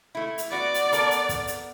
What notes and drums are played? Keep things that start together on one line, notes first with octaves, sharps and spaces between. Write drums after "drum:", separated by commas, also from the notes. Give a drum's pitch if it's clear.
A3 E4
drum: hi-hat
B3 F#4 D5
drum: hi-hat
B3 A4 A#4, drum: hi-hat
drum: hi-hat
drum: kick, hi-hat
drum: hi-hat